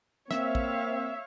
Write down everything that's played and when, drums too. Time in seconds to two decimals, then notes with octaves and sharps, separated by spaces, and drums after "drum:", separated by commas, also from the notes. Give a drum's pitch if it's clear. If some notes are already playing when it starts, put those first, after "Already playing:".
0.31 A#3 C4 C#5 E5 F5, drum: snare
0.55 drum: kick